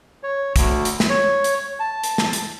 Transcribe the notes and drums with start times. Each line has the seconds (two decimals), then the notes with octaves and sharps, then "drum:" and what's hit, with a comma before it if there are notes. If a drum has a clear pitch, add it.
0.23 C#5
0.56 D2, drum: kick, hi-hat
0.85 drum: hi-hat
1.00 drum: snare
1.10 C#5
1.44 drum: hi-hat
1.80 A5
2.04 drum: hi-hat
2.18 drum: snare
2.33 drum: hi-hat